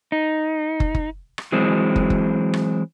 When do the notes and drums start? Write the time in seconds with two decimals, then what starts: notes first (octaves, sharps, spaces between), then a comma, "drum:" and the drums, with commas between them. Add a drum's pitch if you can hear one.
0.12 D#4
0.80 drum: kick
0.95 drum: kick
1.38 drum: rim click
1.52 E3 F#3 G#3 C4
1.96 drum: kick
2.10 drum: kick
2.54 drum: rim click